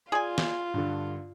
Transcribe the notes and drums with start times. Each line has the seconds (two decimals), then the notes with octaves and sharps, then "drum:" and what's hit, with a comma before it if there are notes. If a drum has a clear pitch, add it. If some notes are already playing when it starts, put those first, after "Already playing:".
0.12 F4 G#4 D5 G#5
0.38 drum: snare
0.74 G2 D3